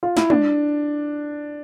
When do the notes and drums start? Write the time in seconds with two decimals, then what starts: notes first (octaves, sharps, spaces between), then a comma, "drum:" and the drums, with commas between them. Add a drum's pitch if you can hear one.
0.03 F4
0.17 E4, drum: snare
0.30 D4, drum: tom